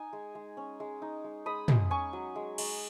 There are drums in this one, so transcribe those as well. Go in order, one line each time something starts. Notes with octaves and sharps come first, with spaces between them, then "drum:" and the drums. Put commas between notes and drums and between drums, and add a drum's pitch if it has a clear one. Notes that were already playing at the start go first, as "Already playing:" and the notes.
Already playing: D#4 G#5
G#3
G#3
C#4
G#3
D#4
G#3
G#3 B5 D#6
G#3, drum: tom
C#4 G#5 C#6
F#3
G#3
G#3, drum: cymbal